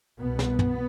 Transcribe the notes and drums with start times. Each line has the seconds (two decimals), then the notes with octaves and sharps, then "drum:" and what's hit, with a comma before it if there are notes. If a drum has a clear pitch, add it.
0.19 C2 B2 B3
0.39 drum: snare
0.59 drum: tom